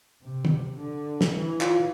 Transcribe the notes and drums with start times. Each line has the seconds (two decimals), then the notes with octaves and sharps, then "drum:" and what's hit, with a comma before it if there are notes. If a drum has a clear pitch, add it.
0.24 C3
0.45 drum: tom
0.79 D3
1.21 drum: snare
1.33 E3
1.61 F4, drum: clap